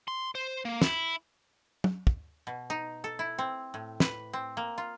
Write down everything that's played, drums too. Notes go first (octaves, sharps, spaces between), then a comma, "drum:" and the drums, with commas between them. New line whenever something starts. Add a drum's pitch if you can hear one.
C6
C5
A#3
E4, drum: snare
drum: tom
drum: kick
B2
D#4
A4
E4
C4
A2
B4, drum: snare
C4
A#3
F4